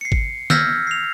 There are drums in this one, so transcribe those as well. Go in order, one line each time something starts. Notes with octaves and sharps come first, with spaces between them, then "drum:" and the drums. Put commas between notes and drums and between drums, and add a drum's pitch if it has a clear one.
C7 C#7
drum: kick G#1
E6 F6 G6 G#6 A#6 B6, drum: snare
C7 F7